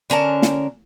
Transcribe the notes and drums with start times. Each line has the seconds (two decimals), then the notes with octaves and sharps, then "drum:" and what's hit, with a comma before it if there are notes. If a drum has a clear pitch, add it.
0.10 D3 C#4 A#4 A5
0.42 drum: snare